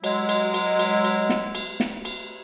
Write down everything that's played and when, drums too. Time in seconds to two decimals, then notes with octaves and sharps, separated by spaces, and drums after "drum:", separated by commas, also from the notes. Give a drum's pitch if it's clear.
0.04 F#3 G#3 E4, drum: cymbal
0.29 drum: cymbal
0.54 drum: cymbal
0.79 drum: cymbal
1.04 drum: cymbal
1.29 drum: snare
1.55 drum: cymbal
1.80 drum: snare
2.05 drum: cymbal